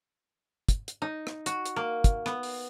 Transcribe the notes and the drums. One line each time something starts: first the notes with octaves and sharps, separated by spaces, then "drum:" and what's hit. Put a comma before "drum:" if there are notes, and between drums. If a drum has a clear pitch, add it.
drum: kick, hi-hat
drum: hi-hat
D#4
drum: rim click
F#4, drum: hi-hat
drum: hi-hat
A#3
drum: kick, hi-hat
B3, drum: rim click
drum: open hi-hat